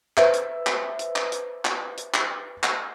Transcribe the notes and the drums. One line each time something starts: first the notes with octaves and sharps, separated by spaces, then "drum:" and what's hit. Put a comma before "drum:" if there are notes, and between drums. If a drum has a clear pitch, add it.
B4 C5 E5, drum: clap
drum: hi-hat
drum: clap
drum: hi-hat
drum: clap
drum: hi-hat
drum: clap
drum: hi-hat
drum: clap
drum: clap